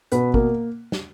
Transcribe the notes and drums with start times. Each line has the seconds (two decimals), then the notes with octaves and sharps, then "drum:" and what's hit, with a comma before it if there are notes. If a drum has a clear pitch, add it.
0.12 B2 B4, drum: hi-hat
0.34 A#3 A#4, drum: kick G#1
0.92 drum: snare